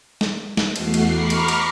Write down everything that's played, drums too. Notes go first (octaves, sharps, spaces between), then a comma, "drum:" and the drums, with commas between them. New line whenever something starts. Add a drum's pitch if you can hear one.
drum: snare
drum: snare
E2 A3 F#4 C7, drum: cymbal
drum: cymbal
A#5 B5 C#6 D6 F6 C7
drum: cymbal
drum: cymbal